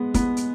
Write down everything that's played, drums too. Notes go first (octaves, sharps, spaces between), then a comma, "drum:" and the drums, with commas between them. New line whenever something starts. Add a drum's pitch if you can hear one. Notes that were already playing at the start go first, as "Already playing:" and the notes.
Already playing: G#3 B3
B3, drum: kick, hi-hat
drum: hi-hat